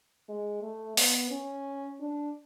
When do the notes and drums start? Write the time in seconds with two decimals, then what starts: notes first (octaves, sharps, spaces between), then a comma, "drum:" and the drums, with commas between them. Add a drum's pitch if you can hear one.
0.29 G#3
0.62 A3
0.97 B3, drum: open hi-hat
1.31 C#4
2.01 D4